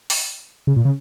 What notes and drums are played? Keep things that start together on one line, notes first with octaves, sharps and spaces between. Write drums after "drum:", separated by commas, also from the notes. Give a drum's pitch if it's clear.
drum: open hi-hat
C#3
A#2
C#3